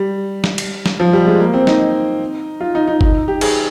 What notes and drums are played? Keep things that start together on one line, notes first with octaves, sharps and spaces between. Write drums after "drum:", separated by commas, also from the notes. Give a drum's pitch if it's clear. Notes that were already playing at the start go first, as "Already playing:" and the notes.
Already playing: G3
drum: snare
drum: cymbal
drum: snare
F3
G3
G#3
A#3
C4
D#4, drum: snare
F4
D#4
D#4
D#4, drum: kick G1
G4
G#4, drum: cymbal